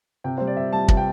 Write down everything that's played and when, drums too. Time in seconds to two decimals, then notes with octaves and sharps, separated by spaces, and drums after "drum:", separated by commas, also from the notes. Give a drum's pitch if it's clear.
0.24 C3 G5
0.38 G3 C5
0.47 D5
0.57 C3 E5
0.72 G3 A5
0.88 C3 A5, drum: kick
0.97 G5